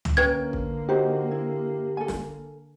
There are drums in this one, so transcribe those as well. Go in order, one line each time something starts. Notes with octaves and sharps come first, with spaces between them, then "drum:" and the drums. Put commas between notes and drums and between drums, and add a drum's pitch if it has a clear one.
drum: tom
D3 A#3 C#4 A#4 B4 G5 G#6
drum: kick
D#4 F#4 G4 C5
E4
A4 G#5
drum: snare